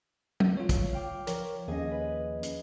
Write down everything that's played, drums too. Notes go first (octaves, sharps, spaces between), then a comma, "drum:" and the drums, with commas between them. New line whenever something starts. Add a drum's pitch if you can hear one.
drum: tom
F4 C#5
drum: kick, hi-hat
F5 G5 D6
F3 A#4 C#5, drum: hi-hat
D#2 C#4 G#4 D#5
B4
drum: hi-hat